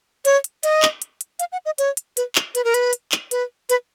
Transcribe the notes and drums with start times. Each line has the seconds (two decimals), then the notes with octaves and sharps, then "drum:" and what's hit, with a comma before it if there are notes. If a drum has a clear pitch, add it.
0.25 C#5, drum: hi-hat
0.44 drum: hi-hat
0.63 D#5, drum: hi-hat
0.82 drum: clap
1.02 drum: hi-hat
1.21 drum: hi-hat
1.39 F5, drum: hi-hat
1.52 F#5
1.66 D#5
1.78 C#5, drum: hi-hat
1.97 drum: hi-hat
2.17 B4, drum: hi-hat
2.35 drum: clap
2.55 B4, drum: hi-hat
2.64 A#4
2.74 B4, drum: hi-hat
2.93 drum: hi-hat
3.12 drum: clap
3.31 B4, drum: hi-hat
3.70 B4, drum: hi-hat